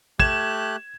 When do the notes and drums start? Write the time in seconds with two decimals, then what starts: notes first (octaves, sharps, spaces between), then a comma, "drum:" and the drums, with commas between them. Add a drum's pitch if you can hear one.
0.20 A3 G4 F#6 G#6 E7, drum: kick